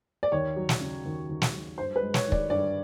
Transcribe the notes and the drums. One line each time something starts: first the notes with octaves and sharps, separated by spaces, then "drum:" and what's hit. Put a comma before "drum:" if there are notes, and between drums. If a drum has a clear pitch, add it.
D5
D#2 C#5
F#3
drum: snare
C#3
D#2
D#2
drum: snare
F#3
G2 C5
B4
G#3
C#5, drum: snare
D#3
D5, drum: kick
G2 D5